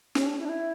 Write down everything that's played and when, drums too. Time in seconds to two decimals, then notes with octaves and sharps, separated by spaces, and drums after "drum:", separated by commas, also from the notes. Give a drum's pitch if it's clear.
0.15 C#4, drum: snare
0.26 D4
0.38 E4
0.45 D4
0.49 E4